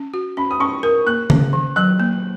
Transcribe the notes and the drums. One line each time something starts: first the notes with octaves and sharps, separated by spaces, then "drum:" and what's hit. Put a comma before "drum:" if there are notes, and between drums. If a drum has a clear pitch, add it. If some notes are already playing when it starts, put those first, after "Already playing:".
Already playing: C#4
F#4
C#4 B5
D#6
C#4 C#6
A#4 D#6
A#3 F#6
C#4, drum: tom C#3
D#3
F#3 F#6
A#3